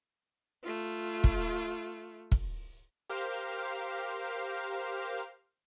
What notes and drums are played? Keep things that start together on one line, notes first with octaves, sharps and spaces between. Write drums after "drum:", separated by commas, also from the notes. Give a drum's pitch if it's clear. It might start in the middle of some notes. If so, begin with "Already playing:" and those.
A3 F4
drum: kick
drum: kick
G4 A#4 C5 F5